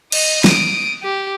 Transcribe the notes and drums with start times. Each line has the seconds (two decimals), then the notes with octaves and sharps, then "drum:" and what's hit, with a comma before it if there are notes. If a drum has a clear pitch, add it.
0.12 D#5, drum: cymbal
0.44 D#6 D7, drum: snare
1.03 G4